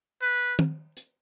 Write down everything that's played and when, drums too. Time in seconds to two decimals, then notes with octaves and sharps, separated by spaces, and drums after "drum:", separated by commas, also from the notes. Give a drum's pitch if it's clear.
0.22 B4
0.59 drum: tom
0.97 drum: hi-hat